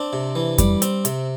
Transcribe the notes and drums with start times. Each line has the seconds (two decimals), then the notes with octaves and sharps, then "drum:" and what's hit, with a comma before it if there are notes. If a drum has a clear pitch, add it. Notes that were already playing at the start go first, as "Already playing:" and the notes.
Already playing: C4 D4
0.13 C3
0.35 E3
0.58 G3, drum: kick F2, hi-hat
0.82 C4, drum: hi-hat
1.05 C3, drum: hi-hat